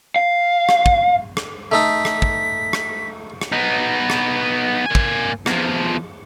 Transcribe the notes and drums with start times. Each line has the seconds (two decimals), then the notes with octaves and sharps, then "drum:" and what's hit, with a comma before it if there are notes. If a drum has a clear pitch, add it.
0.16 F5
0.69 drum: rim click
0.86 drum: kick
1.37 drum: rim click
1.72 A3 D#4 A4 B6
2.05 drum: rim click
2.22 drum: kick
2.73 drum: rim click
3.41 drum: rim click
3.52 B3 D#4
4.10 drum: rim click
4.86 A#3 G#5
4.95 drum: kick
5.46 E2 F3, drum: rim click